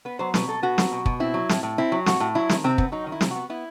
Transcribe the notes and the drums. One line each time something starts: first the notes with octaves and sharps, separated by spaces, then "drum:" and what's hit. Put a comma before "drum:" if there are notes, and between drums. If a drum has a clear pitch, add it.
B3 B4
F#3 C5
B2 B4, drum: snare
B2 A4
B3 F#4
F#3, drum: snare
B2
B2, drum: kick
C4 E4
F#3
A2, drum: snare
A2
C4 E4
F#3
A2 F#4, drum: snare
A2
F#3 E4
D#3, drum: snare
C3 C4
B3, drum: kick
F#3 D#4
D#3
E4
C3, drum: snare
B3 F#4
B3 E4